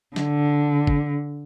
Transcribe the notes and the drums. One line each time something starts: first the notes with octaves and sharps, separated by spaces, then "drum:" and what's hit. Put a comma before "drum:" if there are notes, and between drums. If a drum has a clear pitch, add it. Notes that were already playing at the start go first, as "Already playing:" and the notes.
D3, drum: snare
drum: kick G#1